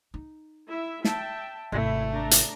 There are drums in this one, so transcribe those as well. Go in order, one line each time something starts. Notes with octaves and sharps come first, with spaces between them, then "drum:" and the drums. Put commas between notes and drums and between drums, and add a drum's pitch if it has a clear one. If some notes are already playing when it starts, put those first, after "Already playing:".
D#4
E4 E5
E5 G5 A5, drum: snare
G#1 C3 A3 E4
D4 A#5
drum: hi-hat